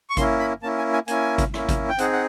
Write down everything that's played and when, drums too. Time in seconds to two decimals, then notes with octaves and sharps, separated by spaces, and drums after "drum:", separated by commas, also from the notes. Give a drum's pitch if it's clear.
0.10 C#6
0.17 A#3 C#4 E4 C6, drum: kick G#1, hi-hat
0.39 B5
0.63 A#3 C#4 E4 A5
0.78 G#5
0.93 G#5
1.08 A#3 C#4 E4 G#5, drum: hi-hat
1.38 drum: kick G#1, hi-hat
1.54 A#3 C#4 E4, drum: rim click
1.69 drum: kick G#1, hi-hat
1.89 G5
1.98 C4 D#4 G#4 F#5, drum: hi-hat
2.13 F#5